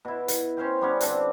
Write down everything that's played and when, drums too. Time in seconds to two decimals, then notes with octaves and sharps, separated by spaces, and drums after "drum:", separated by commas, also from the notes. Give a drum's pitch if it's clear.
0.05 B2 E4
0.28 drum: hi-hat
0.57 C#4 C5 F5 G5
0.81 G3 B3 C#4
1.01 D3 C4 D4, drum: hi-hat